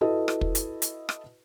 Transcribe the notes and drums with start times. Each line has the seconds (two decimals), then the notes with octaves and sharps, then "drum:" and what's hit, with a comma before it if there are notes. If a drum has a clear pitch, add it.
0.01 E4 F#4 A4 B4 D#5
0.28 drum: rim click
0.41 drum: kick
0.55 drum: hi-hat
0.82 drum: hi-hat
1.09 drum: rim click